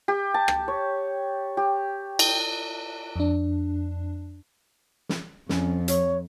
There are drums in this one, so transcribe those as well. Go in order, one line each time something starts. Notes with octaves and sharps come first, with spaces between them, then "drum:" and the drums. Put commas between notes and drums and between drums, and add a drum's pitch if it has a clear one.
G4
A5
drum: rim click
C#5
G4
drum: cymbal
F2 D4
drum: snare
F2 C#4, drum: snare
C#5, drum: hi-hat